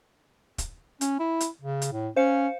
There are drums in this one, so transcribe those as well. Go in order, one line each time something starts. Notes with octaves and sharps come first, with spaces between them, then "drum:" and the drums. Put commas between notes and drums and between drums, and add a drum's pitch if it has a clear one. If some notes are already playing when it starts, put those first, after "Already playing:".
drum: kick, hi-hat
C#4, drum: hi-hat
E4
drum: hi-hat
C#3
drum: hi-hat
A2
C#4 C5 F5 C#7